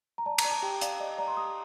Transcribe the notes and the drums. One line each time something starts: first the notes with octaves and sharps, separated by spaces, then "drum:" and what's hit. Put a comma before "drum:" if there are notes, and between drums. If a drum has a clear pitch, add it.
A#5
D5 A5
A#5, drum: cymbal
D5
A5
G4 G5
D5 F5, drum: hi-hat
D5 D#5
F5
D5 A#5
C6
G4 D#6